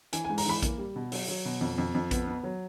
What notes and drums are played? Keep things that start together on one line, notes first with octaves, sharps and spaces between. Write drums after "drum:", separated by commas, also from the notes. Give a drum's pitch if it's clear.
E3 G#5, drum: hi-hat
G#5
G#2
A#5, drum: open hi-hat
E3 B5
A#3, drum: kick A#1, hi-hat
G3
B2
F#3, drum: open hi-hat
F#3
B2
F2
F2
F2
B3, drum: kick A#1, hi-hat
B3
F#3